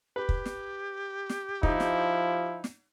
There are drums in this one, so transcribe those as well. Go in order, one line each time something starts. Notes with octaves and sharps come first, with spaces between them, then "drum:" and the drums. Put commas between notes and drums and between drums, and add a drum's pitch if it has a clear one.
G4 B4
drum: kick
drum: snare
drum: snare
F3 D#4 E4, drum: kick
drum: snare
drum: snare